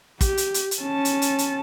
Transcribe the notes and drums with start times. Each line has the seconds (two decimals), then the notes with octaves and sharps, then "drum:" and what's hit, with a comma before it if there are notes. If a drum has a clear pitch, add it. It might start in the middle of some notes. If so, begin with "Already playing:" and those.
0.21 G4, drum: kick, hi-hat
0.37 drum: hi-hat
0.54 drum: hi-hat
0.71 drum: hi-hat
0.81 C#4 A5
1.05 drum: hi-hat
1.22 drum: hi-hat
1.38 drum: hi-hat